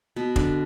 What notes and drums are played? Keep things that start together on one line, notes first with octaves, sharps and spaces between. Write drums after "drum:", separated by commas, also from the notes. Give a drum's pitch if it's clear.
B2 B3
D3 D4, drum: kick